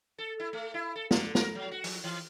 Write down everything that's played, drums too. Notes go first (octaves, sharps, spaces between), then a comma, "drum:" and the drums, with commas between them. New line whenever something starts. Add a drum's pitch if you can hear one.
A4
E4
A3
E4
A4
D3, drum: snare
A#4, drum: snare
F#3
F#4
F3, drum: open hi-hat
E3